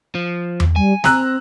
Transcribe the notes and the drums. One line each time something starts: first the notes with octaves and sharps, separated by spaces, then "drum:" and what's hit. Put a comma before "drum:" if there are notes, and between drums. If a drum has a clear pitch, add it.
F3
drum: tom E2
G3 G#5
C4 A#5 E6 F#6, drum: snare